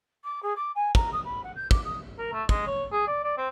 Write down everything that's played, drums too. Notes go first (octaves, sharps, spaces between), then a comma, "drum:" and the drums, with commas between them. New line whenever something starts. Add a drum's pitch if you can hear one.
D6
G#4
D6
G#5
A#5, drum: kick
D#6
B5
F#5
G6
D6, drum: kick
D#6
A#4
A3
G#3, drum: kick
C#5
G#4
D5
D5
C4